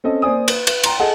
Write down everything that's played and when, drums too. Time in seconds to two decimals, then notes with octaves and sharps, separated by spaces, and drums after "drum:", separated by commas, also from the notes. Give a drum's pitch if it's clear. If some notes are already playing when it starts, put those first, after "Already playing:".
0.04 C4 C#4 A4 D#5
0.22 A#3 C5 D5 G#5 D#6
0.48 B4, drum: cymbal
0.67 B4, drum: cymbal
0.83 G5 A#5 C6, drum: cymbal
0.99 G#4 A4 D#5 F#5 G#5 A5